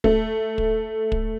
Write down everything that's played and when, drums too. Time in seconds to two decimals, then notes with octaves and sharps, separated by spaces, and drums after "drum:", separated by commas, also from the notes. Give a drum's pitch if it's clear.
0.04 A3, drum: kick
0.58 drum: kick
1.12 drum: kick